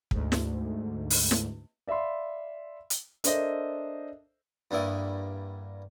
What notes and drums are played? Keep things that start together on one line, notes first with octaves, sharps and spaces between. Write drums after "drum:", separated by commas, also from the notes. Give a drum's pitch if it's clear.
D2 G#2, drum: kick
drum: snare
drum: open hi-hat
drum: snare
D5 E5 F5 B5 C6
drum: hi-hat
D4 A4 A#4 C5 D#5 E5, drum: hi-hat
G2 D3 A#3 E4 D#6